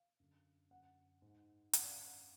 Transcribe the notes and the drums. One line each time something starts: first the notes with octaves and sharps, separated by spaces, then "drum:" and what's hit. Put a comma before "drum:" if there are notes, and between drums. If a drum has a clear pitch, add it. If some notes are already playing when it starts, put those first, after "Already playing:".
Already playing: F5
F#2 D3
F#2 D3 F#5
G#2
F#2 D3 F#5, drum: hi-hat
D5
F5
F#5